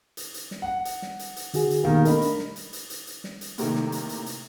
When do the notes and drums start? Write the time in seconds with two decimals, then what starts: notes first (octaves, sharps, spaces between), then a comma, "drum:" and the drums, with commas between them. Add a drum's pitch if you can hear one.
0.17 drum: hi-hat
0.34 drum: hi-hat
0.51 drum: snare
0.62 F#5
0.85 drum: hi-hat
1.02 drum: snare
1.19 drum: hi-hat
1.36 drum: hi-hat
1.54 D3 F#4 G#4, drum: hi-hat
1.70 drum: hi-hat
1.83 B2 D#3 A#3 G4 F5
2.05 A3 D4 A#4 D#5 B5, drum: hi-hat
2.22 drum: hi-hat
2.39 drum: snare
2.56 drum: hi-hat
2.73 drum: hi-hat
2.90 drum: hi-hat
3.07 drum: hi-hat
3.24 drum: snare
3.41 drum: hi-hat
3.58 A2 C3 D#3 A#3, drum: hi-hat
3.75 drum: snare
3.92 drum: hi-hat
4.09 drum: hi-hat
4.26 drum: hi-hat